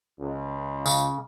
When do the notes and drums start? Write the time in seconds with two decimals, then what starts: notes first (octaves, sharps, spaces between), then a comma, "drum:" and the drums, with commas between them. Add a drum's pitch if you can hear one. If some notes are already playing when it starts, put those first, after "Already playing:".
0.20 C#2
0.86 C#3, drum: tambourine